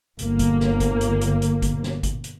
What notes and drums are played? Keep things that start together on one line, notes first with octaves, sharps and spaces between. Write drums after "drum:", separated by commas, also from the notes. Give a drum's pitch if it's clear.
G1 A#3, drum: hi-hat
drum: kick G1, hi-hat
drum: snare
drum: kick G1, hi-hat
drum: hi-hat
drum: hi-hat
drum: hi-hat
drum: kick G1, hi-hat
drum: snare
drum: kick G1, hi-hat
drum: hi-hat